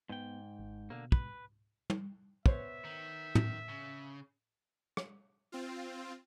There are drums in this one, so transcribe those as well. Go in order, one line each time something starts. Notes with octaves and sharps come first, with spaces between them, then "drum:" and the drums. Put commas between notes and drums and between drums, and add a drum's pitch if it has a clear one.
G#2 B3 G5
G#1
B2 D3 A#3
B4, drum: kick
drum: tom
B3 C5 C#5 E5, drum: kick
D#3
drum: tom
C#3
drum: rim click
C4 F4